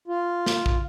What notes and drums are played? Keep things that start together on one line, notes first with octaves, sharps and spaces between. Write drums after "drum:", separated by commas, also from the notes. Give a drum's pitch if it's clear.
F4
drum: snare
drum: kick A#1